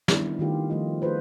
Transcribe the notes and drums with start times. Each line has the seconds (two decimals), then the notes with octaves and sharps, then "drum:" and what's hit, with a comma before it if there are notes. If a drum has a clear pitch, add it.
0.08 D#3 G3 B3 C4 D4 E4, drum: snare
0.39 D#3 A3 F4 G4 F5
0.70 F3 G3 A3 F4 G4 D#5
1.02 A3 F4 G#4 B4 C5